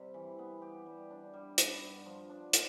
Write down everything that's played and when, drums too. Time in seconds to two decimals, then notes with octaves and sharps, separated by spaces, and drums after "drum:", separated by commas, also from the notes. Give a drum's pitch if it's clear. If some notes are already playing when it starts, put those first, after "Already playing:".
Already playing: C3 G3
0.14 E3
0.39 B3
0.62 G4
0.86 G3
1.11 D4
1.33 G3
1.58 B3, drum: hi-hat
1.82 G2
2.06 F3
2.29 D4
2.53 B3, drum: hi-hat